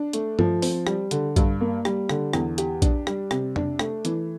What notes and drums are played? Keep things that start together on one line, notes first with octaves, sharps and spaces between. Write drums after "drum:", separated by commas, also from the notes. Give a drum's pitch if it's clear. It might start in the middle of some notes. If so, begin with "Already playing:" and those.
Already playing: D4
A3, drum: hi-hat
F3, drum: tom G2
C4, drum: open hi-hat
G3, drum: rim click
D3, drum: hi-hat
G2, drum: kick A#1, hi-hat
A#3
G3, drum: rim click
D3, drum: rim click
E2, drum: rim click
G4, drum: hi-hat
D4, drum: kick A#1, hi-hat
G3, drum: rim click
C3, drum: rim click
D4, drum: tom
A3, drum: rim click
E3, drum: hi-hat